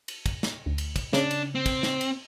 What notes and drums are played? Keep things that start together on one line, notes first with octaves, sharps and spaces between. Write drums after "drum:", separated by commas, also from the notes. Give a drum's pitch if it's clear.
drum: cymbal
drum: kick, cymbal
drum: snare
D2
drum: cymbal
drum: kick, cymbal
C#3 D4, drum: snare
drum: cymbal
C4
drum: kick, cymbal
drum: snare
drum: cymbal